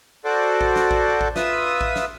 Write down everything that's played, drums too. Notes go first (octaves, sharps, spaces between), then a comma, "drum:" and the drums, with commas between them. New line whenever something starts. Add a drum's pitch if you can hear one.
F#4 A4 C5 D5
drum: kick A1
drum: snare
drum: kick A1
drum: kick A1
F4 B4 E5 D#6 E6, drum: snare
drum: kick A1
drum: snare